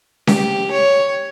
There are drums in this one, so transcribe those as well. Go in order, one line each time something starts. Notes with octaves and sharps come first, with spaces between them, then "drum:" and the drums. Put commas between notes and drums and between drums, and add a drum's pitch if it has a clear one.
G4, drum: snare C#4
C#5